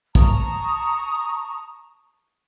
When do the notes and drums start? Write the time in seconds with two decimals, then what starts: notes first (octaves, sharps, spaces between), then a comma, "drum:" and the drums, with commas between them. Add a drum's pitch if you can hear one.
0.15 A5 A#5 C#6 D#6, drum: kick